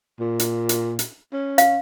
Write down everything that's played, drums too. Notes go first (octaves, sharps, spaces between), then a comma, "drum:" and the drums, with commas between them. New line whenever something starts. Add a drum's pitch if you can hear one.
A#2
drum: hi-hat
drum: hi-hat
drum: hi-hat
C#4
F5, drum: hi-hat